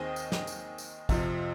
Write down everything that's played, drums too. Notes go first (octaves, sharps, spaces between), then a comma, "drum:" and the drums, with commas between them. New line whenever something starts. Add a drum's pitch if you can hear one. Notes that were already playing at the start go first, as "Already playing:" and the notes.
Already playing: D#2 D#3 C4 G#4 D#5
drum: tambourine
drum: snare
drum: tambourine
drum: tambourine
F2 C3 F3, drum: kick, tambourine